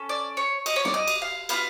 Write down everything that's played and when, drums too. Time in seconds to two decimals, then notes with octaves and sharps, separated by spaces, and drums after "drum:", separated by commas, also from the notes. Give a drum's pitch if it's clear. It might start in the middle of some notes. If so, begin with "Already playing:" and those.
Already playing: C#4 A4
0.09 D5
0.37 C#5
0.66 D#5, drum: cymbal
0.76 C#5
0.85 D5, drum: snare
0.94 D#5
1.08 drum: cymbal
1.22 F5
1.49 B3 D4 F4 F5, drum: cymbal